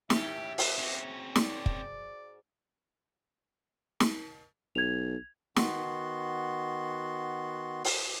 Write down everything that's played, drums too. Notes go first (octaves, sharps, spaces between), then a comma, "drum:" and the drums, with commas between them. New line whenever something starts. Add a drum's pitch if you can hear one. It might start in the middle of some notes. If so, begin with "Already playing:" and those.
D#2 G#2 C#4 G4 E5, drum: snare
A3 B4, drum: open hi-hat
G#2 C4 C#4 F#4
D5, drum: snare
drum: kick
drum: snare
B1 G#6 F7
D#3 B3 F#4 C6, drum: snare
drum: open hi-hat